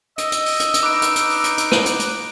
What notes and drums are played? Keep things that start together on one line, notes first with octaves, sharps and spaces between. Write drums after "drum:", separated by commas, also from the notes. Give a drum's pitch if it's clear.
D#5 E6, drum: hi-hat
drum: hi-hat
drum: open hi-hat
drum: hi-hat
drum: hi-hat
D#4 B4 D6 D7
drum: hi-hat
drum: hi-hat
drum: open hi-hat
drum: hi-hat
drum: hi-hat
drum: rim click
drum: hi-hat
drum: hi-hat